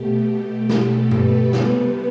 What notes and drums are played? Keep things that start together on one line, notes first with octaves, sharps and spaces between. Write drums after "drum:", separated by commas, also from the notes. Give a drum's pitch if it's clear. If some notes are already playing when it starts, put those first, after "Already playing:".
Already playing: B2 A3 G4
G4
A4, drum: snare
B4, drum: tom G2
C3 G3 B3 B4, drum: snare